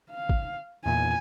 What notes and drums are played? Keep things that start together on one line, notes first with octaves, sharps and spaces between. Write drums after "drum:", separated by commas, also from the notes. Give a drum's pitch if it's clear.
F5
drum: kick
E2 A#2 G#5